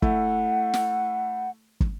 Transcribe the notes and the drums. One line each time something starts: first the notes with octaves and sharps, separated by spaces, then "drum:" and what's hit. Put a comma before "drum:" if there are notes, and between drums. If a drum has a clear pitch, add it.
A3 E4 F#5, drum: kick
drum: snare
drum: kick